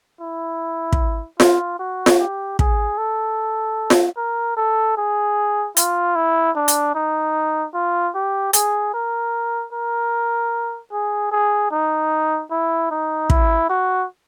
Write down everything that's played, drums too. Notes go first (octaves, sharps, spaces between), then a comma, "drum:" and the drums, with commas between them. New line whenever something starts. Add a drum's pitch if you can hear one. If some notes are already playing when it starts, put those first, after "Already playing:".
E4
drum: kick
F4, drum: snare F4
F#4
drum: snare F4
G4
G#4, drum: kick
A4
drum: snare F4
A#4
A4
G#4
F4, drum: hi-hat
E4
D4
drum: hi-hat
D#4
F4
G4
G#4, drum: hi-hat
A#4
A#4
G#4
G#4
D#4
E4
D#4
E4, drum: kick
F#4